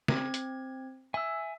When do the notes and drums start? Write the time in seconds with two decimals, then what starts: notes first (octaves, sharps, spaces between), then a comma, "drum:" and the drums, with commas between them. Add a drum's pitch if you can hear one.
0.08 C4 G#6, drum: snare
0.34 drum: hi-hat
1.14 E5 G#5 E6